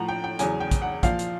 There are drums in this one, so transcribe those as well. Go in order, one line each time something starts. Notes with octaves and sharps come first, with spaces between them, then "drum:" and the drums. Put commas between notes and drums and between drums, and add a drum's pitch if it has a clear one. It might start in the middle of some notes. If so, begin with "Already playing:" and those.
Already playing: A2 F3 F#5 A#5
G5
G5
E2 C#3 F#3 G#5, drum: hi-hat
G5
drum: kick, hi-hat
F#5
A#2 F3 F5, drum: kick, hi-hat
drum: hi-hat